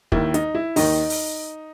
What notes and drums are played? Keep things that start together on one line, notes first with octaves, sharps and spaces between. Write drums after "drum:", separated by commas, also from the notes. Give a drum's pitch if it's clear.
D#2 D#3 E4, drum: kick
D#4, drum: hi-hat
E4
D#2 D#3 D#4, drum: open hi-hat
drum: open hi-hat